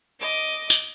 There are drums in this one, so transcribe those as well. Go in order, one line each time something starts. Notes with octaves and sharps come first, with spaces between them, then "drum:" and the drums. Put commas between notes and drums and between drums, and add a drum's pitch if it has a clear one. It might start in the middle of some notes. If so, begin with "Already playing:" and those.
D#5 D6
drum: tambourine